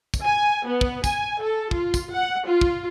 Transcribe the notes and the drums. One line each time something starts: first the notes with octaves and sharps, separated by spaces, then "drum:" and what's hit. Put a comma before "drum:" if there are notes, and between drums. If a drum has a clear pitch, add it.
drum: kick, tambourine
G#5
B3
drum: kick
G#5, drum: kick, tambourine
A4
F4, drum: kick
drum: kick, tambourine
F#5
F4
drum: kick